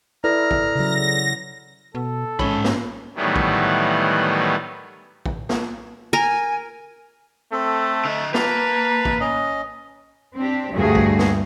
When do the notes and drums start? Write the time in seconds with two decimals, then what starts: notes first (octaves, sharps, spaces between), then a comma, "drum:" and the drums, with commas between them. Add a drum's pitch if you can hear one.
0.24 E4 A4 B4 D5 A#5 F6
0.51 drum: kick
0.75 C#3 F#3 A#6
1.95 B2 A4
2.39 G#2 C#4 B5, drum: kick
2.64 drum: snare
3.16 A2 D#3 E3 F#3 G3 B3
3.36 drum: kick
5.26 drum: kick
5.49 drum: snare
6.13 A#4 G#5
7.52 A3 C4 A4
8.05 D3 D#5
8.34 A#3 B4 A5, drum: snare
9.05 drum: kick
9.20 C#4 D#5
10.38 C4 D4 G4
10.74 D2 G2 G3 A3 F#4 G#4
10.95 drum: kick
11.19 drum: snare